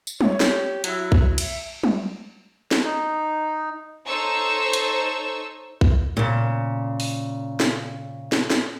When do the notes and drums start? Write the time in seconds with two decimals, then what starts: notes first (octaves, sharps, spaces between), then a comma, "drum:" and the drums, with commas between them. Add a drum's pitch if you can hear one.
0.07 drum: tambourine
0.21 C#5, drum: tom
0.40 G4, drum: snare
0.84 F#3 E4, drum: hi-hat
1.12 drum: kick A#1
1.38 E5, drum: cymbal
1.84 drum: tom
2.71 drum: snare
2.84 D#4
4.07 D#4 A4 C5 C#5 C#6 E6
4.73 drum: hi-hat
5.81 drum: kick A#1
6.17 A#2 C#3
7.00 drum: open hi-hat
7.60 drum: snare
8.32 drum: snare
8.50 drum: snare